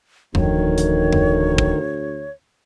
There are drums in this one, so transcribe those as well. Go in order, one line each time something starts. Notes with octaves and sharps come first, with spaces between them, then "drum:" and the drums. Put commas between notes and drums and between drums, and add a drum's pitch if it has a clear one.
D1 D2 D#3 F3 C#5, drum: tom F2
drum: hi-hat
drum: tom F2
drum: kick